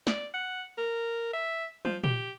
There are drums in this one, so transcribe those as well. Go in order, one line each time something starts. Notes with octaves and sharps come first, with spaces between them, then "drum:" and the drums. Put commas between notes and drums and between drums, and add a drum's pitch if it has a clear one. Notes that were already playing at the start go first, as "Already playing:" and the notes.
D5, drum: snare
F#5
A#4
E5
F3, drum: tom
G4, drum: tom A#2